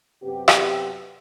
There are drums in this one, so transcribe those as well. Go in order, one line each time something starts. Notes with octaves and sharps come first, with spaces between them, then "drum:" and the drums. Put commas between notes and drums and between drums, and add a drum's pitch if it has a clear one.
F#2 C3 B3 G4
drum: rim click